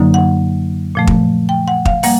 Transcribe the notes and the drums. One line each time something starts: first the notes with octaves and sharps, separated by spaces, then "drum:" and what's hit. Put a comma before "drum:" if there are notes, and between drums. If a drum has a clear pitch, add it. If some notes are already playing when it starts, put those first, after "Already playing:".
Already playing: F#2 D3 F#3 A#3 D#4
F#5
A#2 F3 A3
drum: kick
G5
F#5
F5, drum: kick
G3 A#3 F#5, drum: open hi-hat